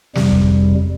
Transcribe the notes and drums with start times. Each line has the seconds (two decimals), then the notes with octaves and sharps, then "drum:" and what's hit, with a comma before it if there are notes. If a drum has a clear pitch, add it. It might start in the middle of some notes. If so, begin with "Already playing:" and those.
0.15 F2 C3 G3, drum: snare
0.31 drum: kick